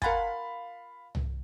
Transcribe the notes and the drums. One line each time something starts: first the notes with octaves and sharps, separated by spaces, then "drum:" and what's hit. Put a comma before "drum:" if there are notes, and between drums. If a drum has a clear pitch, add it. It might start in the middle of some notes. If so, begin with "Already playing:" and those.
F4 A#4 F5 F#5 G#5 A#5 B5 A6, drum: kick
drum: tom C2